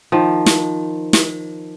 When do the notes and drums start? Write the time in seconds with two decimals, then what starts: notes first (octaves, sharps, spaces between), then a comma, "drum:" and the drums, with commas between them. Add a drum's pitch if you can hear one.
0.12 D#3 F3
0.46 drum: snare
1.13 drum: snare